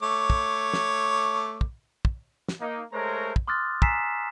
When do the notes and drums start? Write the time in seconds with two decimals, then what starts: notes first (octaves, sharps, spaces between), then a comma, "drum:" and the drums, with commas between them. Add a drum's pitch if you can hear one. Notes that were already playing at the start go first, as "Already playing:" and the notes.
0.03 A3 C#5 D6
0.30 drum: kick
0.73 drum: snare
1.61 drum: kick
2.05 drum: kick
2.48 drum: snare
2.61 A#3 D#4
2.92 G#3 A3 A#4 C5 C#5 A#5
3.36 drum: kick
3.47 C6 D6 D#6 F6 F#6 A6
3.82 G#5 A#5 E6 B6 C7 E7, drum: kick